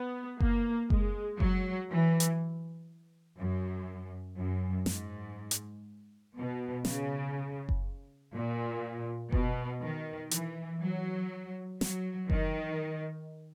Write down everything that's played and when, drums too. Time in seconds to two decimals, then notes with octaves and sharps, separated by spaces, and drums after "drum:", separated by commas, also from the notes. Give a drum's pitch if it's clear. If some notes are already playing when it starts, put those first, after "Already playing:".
Already playing: B3
0.40 A#3, drum: kick F#1
0.90 G#3, drum: kick F#1
1.40 F#3, drum: kick F#1
1.90 E3
2.20 drum: hi-hat
3.37 F#2
4.36 F#2
4.86 G#2, drum: snare
5.51 drum: hi-hat
6.35 B2
6.85 C#3, drum: snare
7.69 drum: kick F#1
8.34 A#2
9.32 B2, drum: kick F#1
9.82 D#3
10.31 E3, drum: hi-hat
10.81 F#3
11.81 F#3, drum: snare
12.30 D#3, drum: kick F#1